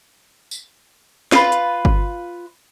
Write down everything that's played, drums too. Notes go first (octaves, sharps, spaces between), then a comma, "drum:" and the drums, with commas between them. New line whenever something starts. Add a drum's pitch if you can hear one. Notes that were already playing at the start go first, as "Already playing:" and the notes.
drum: tambourine
F4 B4, drum: snare
drum: hi-hat
drum: kick G1